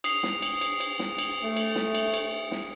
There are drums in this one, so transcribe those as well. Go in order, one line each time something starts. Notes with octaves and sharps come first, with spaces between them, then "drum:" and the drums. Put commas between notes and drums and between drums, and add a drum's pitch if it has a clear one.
D#6 C7 F7, drum: cymbal
drum: snare
drum: cymbal
drum: cymbal
drum: cymbal
drum: snare
drum: cymbal
A3
drum: cymbal
drum: snare
drum: cymbal
drum: cymbal
drum: snare